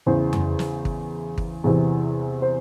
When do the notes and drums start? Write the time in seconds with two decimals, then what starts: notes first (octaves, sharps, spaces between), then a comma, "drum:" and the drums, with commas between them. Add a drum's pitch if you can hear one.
0.06 E2 C#3 E3 C5
0.33 drum: tom F2
0.59 drum: snare
0.85 drum: kick
1.38 drum: kick
1.64 E2 C3 E3
2.42 C5